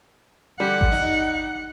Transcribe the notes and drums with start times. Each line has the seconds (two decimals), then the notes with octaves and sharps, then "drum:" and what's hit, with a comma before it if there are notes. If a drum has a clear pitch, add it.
0.60 D3 G3 F#5
0.81 drum: kick G#1
0.92 D#4